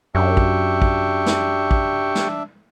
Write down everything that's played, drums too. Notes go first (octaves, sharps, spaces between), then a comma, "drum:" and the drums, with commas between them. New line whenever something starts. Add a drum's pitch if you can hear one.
F#2 D4 G4 E5 G5 C#6
drum: kick A1
drum: kick A1
drum: snare
drum: kick A1
drum: snare